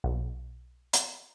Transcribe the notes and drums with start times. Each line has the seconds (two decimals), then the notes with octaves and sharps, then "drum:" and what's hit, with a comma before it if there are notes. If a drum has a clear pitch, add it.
0.04 B1
0.93 drum: hi-hat